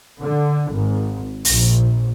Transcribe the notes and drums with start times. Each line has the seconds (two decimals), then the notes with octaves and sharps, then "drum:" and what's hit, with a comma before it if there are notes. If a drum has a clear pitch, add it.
0.22 D3
0.71 G#1
1.45 A#1, drum: open hi-hat